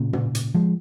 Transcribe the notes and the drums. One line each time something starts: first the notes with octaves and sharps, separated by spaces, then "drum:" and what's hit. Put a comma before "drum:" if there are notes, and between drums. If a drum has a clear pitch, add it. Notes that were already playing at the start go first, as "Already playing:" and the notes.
Already playing: A#2 C#3
drum: tom
drum: hi-hat
F3 G#3